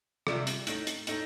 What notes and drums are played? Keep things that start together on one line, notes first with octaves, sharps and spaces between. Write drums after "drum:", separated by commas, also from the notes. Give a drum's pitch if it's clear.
C3 G3 D4 F4, drum: rim click
drum: hi-hat
A2 A3 D#4 A4 D#5, drum: hi-hat
drum: hi-hat
A2 A3 D#4 A4 D#5, drum: hi-hat